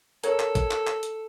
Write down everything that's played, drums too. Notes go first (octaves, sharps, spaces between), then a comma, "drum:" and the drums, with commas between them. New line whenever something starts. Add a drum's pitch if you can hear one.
A4 A#4 C#5, drum: hi-hat
drum: clap
drum: kick, hi-hat
drum: clap
drum: clap
drum: hi-hat